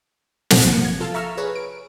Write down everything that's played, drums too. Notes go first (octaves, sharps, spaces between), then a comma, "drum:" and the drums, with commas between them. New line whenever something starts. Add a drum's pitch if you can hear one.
drum: snare
G1 C3 F3 A#3 F#5 C#7
G#6
F4 A4 F5 A5
E5 A#5 C#6 E6 F6
G#4 B4 C#5
D7